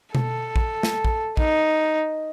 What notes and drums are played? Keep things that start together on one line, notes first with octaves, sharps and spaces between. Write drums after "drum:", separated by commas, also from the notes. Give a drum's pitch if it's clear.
A4, drum: tom B2
drum: kick
drum: snare
drum: kick
D#4, drum: kick